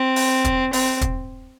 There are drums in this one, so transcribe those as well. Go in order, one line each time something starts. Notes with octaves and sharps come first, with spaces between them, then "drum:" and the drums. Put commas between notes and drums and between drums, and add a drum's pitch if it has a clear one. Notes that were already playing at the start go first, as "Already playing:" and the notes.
Already playing: C4
drum: open hi-hat
drum: kick, hi-hat
C4, drum: open hi-hat
drum: kick, hi-hat